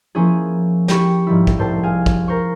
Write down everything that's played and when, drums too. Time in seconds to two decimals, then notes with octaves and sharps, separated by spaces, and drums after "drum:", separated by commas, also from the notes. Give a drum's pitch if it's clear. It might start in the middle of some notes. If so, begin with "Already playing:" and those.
0.15 F3 A#3 C#4 E4 G#4
0.88 G4 B5 C#6, drum: snare
1.27 G#2 F3 G3 E4
1.47 drum: kick
1.58 C2 A2 C5 A5 C7
1.83 G#4 F5 G#5
2.06 drum: kick
2.28 A#4 C5 C6 C#6